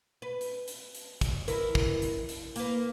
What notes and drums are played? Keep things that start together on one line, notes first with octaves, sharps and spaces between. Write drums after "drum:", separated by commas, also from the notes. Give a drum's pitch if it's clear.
B4
drum: hi-hat
drum: hi-hat
drum: hi-hat
drum: kick, hi-hat
E4 A#4 B4, drum: hi-hat
drum: kick
drum: hi-hat
drum: hi-hat
A#3 B4, drum: hi-hat